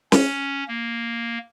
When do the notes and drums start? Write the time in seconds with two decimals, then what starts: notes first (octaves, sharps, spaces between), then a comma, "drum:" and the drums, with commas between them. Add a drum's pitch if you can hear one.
0.12 C#4, drum: snare
0.68 A#3